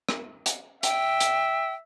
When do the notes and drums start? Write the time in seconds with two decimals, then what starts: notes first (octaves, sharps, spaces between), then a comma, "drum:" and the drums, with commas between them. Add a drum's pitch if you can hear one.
0.09 drum: rim click
0.46 drum: hi-hat
0.83 E5 G5, drum: hi-hat
1.20 drum: hi-hat